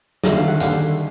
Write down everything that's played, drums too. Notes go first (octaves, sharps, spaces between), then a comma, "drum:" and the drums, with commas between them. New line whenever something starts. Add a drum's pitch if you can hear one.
D#2 D3 G3 E5, drum: snare
F5
F#5
D#2 D3 G3 F5, drum: hi-hat